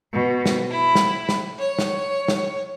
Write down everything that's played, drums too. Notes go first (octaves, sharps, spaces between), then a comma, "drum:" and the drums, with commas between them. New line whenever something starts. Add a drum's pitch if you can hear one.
B2
drum: snare
E4
drum: snare
drum: snare
C#5
drum: snare
drum: snare